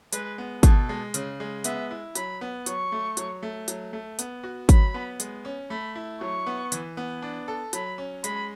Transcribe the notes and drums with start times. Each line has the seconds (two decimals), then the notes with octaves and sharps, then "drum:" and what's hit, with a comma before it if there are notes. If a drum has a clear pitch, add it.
0.13 G#3 B4, drum: hi-hat
0.38 B3
0.63 B2 A4, drum: kick, hi-hat
0.89 G#3
1.14 C#3, drum: hi-hat
1.40 G#3
1.64 B3 E5, drum: hi-hat
1.91 E4
2.15 F#3 B5, drum: hi-hat
2.41 B3
2.66 F#3 C#6, drum: hi-hat
2.92 A3
3.17 F#3, drum: hi-hat
3.43 A3
3.68 F#3, drum: hi-hat
3.93 A3
4.19 B3, drum: hi-hat
4.43 F#4
4.69 F#3 B5, drum: kick, hi-hat
4.94 B3
5.20 G#3, drum: hi-hat
5.45 C#4
5.70 A3 B5
5.95 E4
6.21 F#3 C#6
6.46 B3
6.72 E3, drum: hi-hat
6.97 B3
7.22 D4
7.48 A4
7.73 F#3 B5, drum: hi-hat
7.98 C#4
8.24 G#3 B5, drum: hi-hat